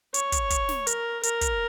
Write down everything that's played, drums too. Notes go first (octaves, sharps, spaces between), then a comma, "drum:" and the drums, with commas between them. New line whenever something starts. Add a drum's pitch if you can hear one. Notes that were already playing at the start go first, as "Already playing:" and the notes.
C#5, drum: hi-hat
drum: kick, hi-hat
drum: kick, hi-hat
drum: snare
A#4, drum: hi-hat
A#4, drum: hi-hat
drum: kick, hi-hat